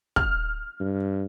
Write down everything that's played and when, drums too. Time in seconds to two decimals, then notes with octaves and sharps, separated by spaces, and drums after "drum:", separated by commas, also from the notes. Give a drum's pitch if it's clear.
0.16 F6, drum: kick
0.80 G2